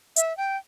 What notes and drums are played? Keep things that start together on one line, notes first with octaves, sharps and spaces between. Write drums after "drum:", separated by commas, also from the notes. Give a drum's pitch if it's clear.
E5, drum: hi-hat
G5